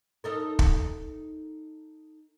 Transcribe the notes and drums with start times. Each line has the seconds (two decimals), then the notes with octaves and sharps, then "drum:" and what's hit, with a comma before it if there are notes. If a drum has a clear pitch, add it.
0.24 D#4 A4 A#4
0.59 drum: kick